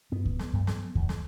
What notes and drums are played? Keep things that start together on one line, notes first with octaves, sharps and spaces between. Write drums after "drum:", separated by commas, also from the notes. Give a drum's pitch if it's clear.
G2 B3
drum: kick C#2
drum: snare
G2
drum: snare
E2, drum: kick C#2
drum: snare